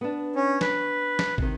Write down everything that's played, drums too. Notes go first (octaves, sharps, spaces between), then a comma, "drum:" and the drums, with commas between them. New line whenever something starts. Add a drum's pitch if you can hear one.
B3 D4
C#4
B4, drum: snare
drum: snare
C3 D#3, drum: kick